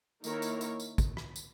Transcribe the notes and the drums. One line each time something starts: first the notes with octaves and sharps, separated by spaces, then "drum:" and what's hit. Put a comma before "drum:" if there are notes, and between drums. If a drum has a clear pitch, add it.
D#3 A#3 E4 A#4 C#5, drum: tambourine
drum: tambourine
drum: tambourine
drum: tambourine
drum: kick, tambourine
drum: rim click
drum: tambourine